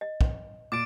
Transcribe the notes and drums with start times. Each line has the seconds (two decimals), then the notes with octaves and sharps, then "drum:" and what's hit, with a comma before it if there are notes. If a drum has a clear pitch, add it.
0.01 D#5
0.21 drum: kick
0.72 A#2 D6 A6 D7